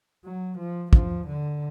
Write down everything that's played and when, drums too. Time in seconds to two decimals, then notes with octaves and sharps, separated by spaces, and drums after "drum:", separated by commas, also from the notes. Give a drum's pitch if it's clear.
0.25 F#3
0.59 F3
0.93 F3, drum: kick
1.28 D3